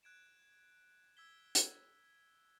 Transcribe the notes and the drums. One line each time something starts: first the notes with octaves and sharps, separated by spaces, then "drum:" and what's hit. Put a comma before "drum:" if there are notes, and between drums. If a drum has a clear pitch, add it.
F#6 G#6 D7 E7
E6 G#6 B6 G7
drum: hi-hat